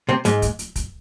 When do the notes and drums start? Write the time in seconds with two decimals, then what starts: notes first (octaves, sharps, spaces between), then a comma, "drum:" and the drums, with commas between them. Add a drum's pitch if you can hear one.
0.09 C3 C4
0.25 G#2 G#3, drum: hi-hat
0.42 drum: kick, hi-hat
0.59 drum: hi-hat
0.76 drum: kick, hi-hat